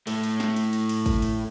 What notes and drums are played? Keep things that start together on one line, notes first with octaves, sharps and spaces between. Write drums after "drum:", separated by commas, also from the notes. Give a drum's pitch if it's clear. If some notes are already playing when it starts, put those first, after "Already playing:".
A2 A3, drum: cymbal
drum: cymbal
drum: snare
drum: cymbal
drum: cymbal
drum: cymbal
drum: kick, cymbal
drum: cymbal